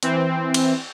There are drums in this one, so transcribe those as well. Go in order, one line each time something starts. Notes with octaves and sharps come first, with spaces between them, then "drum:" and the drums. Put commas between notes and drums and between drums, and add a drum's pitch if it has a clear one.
E3 C4, drum: hi-hat
drum: cymbal